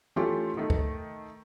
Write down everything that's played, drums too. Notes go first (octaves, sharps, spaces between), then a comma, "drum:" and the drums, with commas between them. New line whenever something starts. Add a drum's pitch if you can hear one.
E3 A3 C#4 F4 G4 C6
D#3 A3
drum: kick